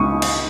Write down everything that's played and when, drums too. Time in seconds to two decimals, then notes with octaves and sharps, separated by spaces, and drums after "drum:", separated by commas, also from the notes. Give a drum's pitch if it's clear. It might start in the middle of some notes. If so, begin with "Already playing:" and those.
Already playing: C#2 C#6 D#6
0.22 drum: cymbal